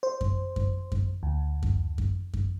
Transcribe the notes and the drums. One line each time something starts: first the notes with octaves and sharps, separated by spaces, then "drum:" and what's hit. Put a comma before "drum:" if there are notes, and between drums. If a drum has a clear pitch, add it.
C5
drum: kick F#2
drum: kick F#2
drum: kick F#2
D2
drum: kick F#2
drum: kick F#2
drum: kick F#2